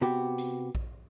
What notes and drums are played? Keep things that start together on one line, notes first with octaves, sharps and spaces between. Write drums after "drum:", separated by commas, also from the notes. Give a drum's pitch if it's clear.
C3 B3 F#4 G4
drum: hi-hat
drum: kick A#1